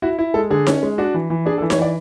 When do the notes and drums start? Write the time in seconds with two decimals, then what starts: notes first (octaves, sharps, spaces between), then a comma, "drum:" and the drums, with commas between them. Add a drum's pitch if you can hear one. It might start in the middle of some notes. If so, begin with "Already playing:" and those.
0.02 E4 F#4
0.19 E4
0.34 G#3 A4
0.50 D3 G#4
0.67 C#4, drum: snare D#4
0.83 G#3
0.98 D4 F#4
1.14 E3
1.30 E3
1.46 D4 G#4
1.58 A4
1.62 E3
1.70 C#5, drum: snare D#4
1.78 E3 D5